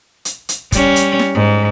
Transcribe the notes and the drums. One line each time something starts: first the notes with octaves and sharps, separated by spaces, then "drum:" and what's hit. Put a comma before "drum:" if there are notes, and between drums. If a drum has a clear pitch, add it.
drum: hi-hat
drum: hi-hat
G3 C#4, drum: kick, hi-hat
drum: hi-hat
drum: snare
G#2